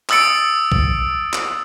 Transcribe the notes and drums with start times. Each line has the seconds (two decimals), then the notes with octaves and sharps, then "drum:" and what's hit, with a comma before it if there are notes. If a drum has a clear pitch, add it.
0.10 D#6 E6 A6 C#7 D7, drum: clap
0.72 drum: kick
1.34 drum: clap